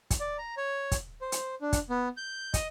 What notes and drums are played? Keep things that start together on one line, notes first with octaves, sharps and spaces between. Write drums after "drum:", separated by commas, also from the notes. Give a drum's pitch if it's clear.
drum: kick, hi-hat
D5
A#5
C#5
drum: kick, hi-hat
C5
drum: hi-hat
D4
drum: kick, hi-hat
B3
G6
D#5, drum: kick, hi-hat